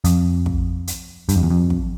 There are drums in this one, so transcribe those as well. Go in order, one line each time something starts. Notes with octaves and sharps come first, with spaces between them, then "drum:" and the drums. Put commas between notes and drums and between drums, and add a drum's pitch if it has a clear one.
F2, drum: hi-hat
drum: kick
drum: hi-hat
G2, drum: hi-hat
F2
E2
F2
drum: kick